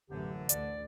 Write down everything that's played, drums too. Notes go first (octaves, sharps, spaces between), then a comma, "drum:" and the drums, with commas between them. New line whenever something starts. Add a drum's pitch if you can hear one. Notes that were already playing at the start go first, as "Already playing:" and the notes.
A1 F#2 D3 E3 G4
D2 D5, drum: hi-hat